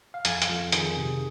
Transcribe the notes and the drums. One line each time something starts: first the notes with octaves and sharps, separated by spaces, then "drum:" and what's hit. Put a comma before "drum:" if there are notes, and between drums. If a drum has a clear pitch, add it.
F5
F2 G#5, drum: hi-hat
F5, drum: hi-hat
F2
D#3 G#4, drum: hi-hat
C3